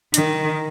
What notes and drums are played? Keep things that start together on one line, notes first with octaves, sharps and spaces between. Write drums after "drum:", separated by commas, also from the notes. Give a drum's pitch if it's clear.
D#3, drum: hi-hat